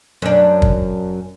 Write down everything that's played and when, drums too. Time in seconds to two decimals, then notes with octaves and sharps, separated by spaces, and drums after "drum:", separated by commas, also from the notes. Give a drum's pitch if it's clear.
0.22 F#2 D4
0.62 drum: kick